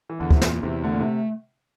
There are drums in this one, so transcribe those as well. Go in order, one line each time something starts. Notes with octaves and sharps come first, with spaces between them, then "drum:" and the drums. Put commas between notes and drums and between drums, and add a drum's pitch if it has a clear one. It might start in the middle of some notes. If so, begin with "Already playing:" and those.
E3
E2 D3
C3, drum: kick
E2 A#2, drum: snare
E2 C3
D3 A3
A#2
C3